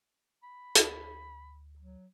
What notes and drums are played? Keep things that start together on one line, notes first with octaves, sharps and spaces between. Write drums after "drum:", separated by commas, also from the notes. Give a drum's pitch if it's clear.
B5
D2, drum: hi-hat
F#3